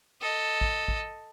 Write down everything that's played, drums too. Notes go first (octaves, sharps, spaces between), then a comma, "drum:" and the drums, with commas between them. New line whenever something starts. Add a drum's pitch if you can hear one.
A4 D#5
drum: kick A1
drum: kick A1